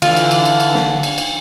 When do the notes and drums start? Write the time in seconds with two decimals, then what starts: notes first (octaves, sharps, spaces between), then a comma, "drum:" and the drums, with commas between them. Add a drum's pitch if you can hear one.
0.02 D3 E3 F4, drum: cymbal
0.16 drum: cymbal
0.31 drum: cymbal
0.45 drum: cymbal
0.60 drum: cymbal
0.74 drum: snare
1.03 drum: cymbal
1.18 drum: cymbal